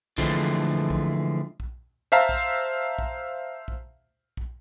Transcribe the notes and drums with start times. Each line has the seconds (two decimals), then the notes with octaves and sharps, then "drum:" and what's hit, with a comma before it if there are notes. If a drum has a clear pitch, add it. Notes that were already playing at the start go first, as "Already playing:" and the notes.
0.18 D3 E3 F3 G#3 A3 C4, drum: kick
0.90 drum: kick
1.60 drum: kick
2.12 C5 E5 F5 A5 A#5
2.29 drum: kick
2.99 drum: kick
3.68 drum: kick
4.37 drum: kick